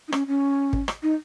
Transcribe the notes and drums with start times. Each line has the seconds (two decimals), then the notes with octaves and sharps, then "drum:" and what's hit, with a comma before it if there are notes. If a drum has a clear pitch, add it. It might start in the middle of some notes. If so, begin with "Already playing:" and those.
0.08 D#4
0.12 C#4, drum: rim click
0.27 C#4
0.73 drum: kick
0.88 drum: rim click
1.03 D#4